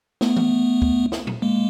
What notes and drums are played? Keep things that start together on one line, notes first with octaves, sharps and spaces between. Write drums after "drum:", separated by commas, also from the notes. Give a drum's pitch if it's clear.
A3 B3, drum: snare
drum: tom E3
drum: kick
drum: snare
drum: tom A#2
G#3 A#3